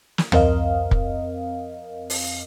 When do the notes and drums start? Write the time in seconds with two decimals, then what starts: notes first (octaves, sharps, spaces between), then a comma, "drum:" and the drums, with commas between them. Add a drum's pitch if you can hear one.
0.18 drum: snare
0.32 F2 C4 A#4 D#5 F5, drum: tom C#2
0.91 drum: kick
2.10 drum: open hi-hat